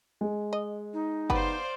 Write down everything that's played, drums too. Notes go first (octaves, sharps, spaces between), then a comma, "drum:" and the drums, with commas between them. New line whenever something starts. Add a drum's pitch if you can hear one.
G#3
D#5
D#4
B3 G4 B4 C5 D5 F5, drum: kick F#1